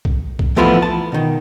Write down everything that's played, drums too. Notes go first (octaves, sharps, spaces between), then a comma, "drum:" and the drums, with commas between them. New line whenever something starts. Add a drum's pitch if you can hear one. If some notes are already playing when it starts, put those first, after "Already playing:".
drum: kick B1
drum: kick B1
E3 F3 A3 B3 E4 F4
A5
B2 D#3